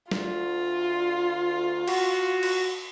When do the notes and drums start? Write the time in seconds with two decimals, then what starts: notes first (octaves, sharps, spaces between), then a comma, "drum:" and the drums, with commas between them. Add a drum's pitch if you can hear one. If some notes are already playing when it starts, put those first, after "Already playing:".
0.11 D2 F4, drum: snare
1.87 F#4, drum: cymbal
2.43 drum: cymbal